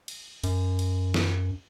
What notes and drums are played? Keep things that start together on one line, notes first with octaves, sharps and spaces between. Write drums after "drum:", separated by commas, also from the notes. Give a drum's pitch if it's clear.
drum: cymbal
F#2, drum: cymbal
drum: cymbal
drum: snare